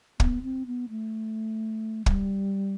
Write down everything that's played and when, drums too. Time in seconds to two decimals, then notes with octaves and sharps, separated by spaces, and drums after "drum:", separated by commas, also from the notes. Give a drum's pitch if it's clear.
0.20 B3, drum: kick
0.43 C4
0.67 B3
0.89 A3
2.06 G3, drum: kick